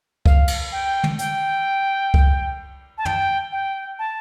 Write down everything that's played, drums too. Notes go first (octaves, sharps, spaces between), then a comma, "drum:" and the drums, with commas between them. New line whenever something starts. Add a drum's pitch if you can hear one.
F5, drum: kick C#2
drum: cymbal
G5
drum: tom
G5, drum: hi-hat
drum: kick C#2
A5
G5, drum: tom
G5
A5